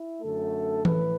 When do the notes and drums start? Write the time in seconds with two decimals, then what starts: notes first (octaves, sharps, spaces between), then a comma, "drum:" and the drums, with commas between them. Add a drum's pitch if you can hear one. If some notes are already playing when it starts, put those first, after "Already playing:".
Already playing: E4
0.22 F#2 D3 A3 A4
0.85 A2 B4, drum: tom E3